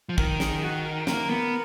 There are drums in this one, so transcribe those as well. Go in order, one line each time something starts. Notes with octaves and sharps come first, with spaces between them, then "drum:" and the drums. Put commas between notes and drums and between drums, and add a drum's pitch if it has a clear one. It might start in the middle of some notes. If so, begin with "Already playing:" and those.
F3
D#3 A#4, drum: kick
G#4, drum: snare
F#4
A#4
A#3 A#4, drum: snare
B3